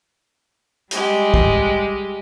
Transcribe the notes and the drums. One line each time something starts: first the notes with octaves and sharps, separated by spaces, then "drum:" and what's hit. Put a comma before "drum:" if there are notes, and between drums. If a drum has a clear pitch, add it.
G3 G#3 G4, drum: hi-hat
drum: kick